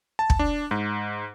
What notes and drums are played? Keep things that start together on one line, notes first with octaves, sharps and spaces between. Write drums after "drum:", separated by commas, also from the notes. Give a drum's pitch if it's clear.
A5
drum: kick
D4
G#2